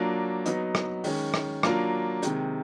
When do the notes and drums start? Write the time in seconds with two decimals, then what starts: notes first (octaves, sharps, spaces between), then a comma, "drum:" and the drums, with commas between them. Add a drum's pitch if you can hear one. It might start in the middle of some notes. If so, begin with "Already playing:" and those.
Already playing: F#3 A#3 D4 F4
0.46 F#3 B3 D#4, drum: hi-hat
0.75 drum: rim click
1.04 D#3 G#3 C#4, drum: open hi-hat
1.34 drum: rim click
1.63 F#3 A#3 D4 F4, drum: rim click
2.23 C3 D#3 G#3, drum: hi-hat